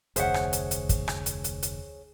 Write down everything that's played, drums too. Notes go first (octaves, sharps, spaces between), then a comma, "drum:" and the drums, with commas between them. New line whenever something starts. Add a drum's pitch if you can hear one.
F1 D2 G#4 C5 C#5 E5 F#5, drum: hi-hat
drum: rim click
drum: hi-hat
drum: hi-hat
drum: kick, hi-hat
drum: rim click
drum: hi-hat
drum: hi-hat
drum: hi-hat